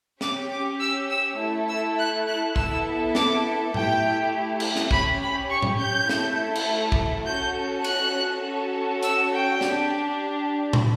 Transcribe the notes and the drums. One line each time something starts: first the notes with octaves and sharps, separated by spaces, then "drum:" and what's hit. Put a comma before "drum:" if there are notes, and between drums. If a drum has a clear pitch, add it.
C#4 G4 D6, drum: snare
D6
E6
E6
A3 E4 A4
E6
F#6
F#6
B3 E4 A4 E6, drum: kick
D6, drum: snare
A3 E4 G4 G5, drum: tom A2
drum: cymbal
drum: snare
C#4 G4 B5, drum: kick
B5
C#6
drum: tom A2
G6
A3 E4 A4, drum: snare
drum: cymbal
drum: kick
C#4 F#4 A4 G6
F#6, drum: cymbal
C#4 F#4 A4
E6, drum: hi-hat
G5
D4 G4, drum: snare
drum: tom